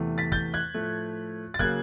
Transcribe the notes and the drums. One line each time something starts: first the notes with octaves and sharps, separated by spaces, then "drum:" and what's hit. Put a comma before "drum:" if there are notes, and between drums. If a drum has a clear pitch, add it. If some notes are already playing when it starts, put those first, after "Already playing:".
Already playing: E2 C3 E3 A3
A6 B6
G6 A6, drum: kick
F#6 G#6
A2 F3 A3
A6
C#3 F#3 A#3 F#6 G#6, drum: kick